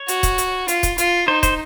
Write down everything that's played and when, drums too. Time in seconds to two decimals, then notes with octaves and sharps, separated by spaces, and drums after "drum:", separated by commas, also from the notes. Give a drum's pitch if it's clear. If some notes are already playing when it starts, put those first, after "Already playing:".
Already playing: C#5
0.08 F#4, drum: hi-hat
0.23 drum: kick, hi-hat
0.38 drum: hi-hat
0.68 F4, drum: hi-hat
0.83 drum: kick, hi-hat
0.98 F4, drum: hi-hat
1.28 D#4 C5
1.43 C5, drum: kick, hi-hat